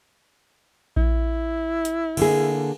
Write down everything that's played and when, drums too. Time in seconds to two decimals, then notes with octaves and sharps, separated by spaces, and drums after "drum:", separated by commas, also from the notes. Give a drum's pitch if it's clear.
0.97 E4, drum: kick A#1
1.85 drum: hi-hat
2.17 D3 A#3 G#4, drum: cymbal